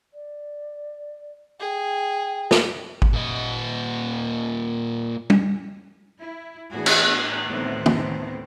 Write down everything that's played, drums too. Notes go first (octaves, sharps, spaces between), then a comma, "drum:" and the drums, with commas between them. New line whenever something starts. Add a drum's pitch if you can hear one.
D5
G#4 G5
drum: snare
drum: kick G#1
A#2 D#5
drum: tom
E4
A2 E3 B3 D4 F#4 G#4
drum: cymbal
D2 A2 D#3 A3 B3 C4
drum: tom